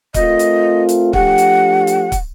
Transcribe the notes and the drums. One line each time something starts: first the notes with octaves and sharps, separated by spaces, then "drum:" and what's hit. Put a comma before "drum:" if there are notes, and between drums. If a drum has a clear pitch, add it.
A3 C4 F4 A#4 D#5, drum: kick, hi-hat
drum: hi-hat
drum: hi-hat
F3 A3 D4 G4 F#5, drum: kick
drum: hi-hat
drum: hi-hat
drum: kick, hi-hat